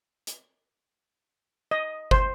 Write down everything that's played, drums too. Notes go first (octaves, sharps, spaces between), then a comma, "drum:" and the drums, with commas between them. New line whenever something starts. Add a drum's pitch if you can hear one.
drum: hi-hat
D#5
C5, drum: kick G1